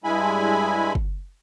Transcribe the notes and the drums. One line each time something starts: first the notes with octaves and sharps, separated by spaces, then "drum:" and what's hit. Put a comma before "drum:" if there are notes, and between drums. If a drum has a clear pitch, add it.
G2 G#3 E4 G#5 B5
drum: kick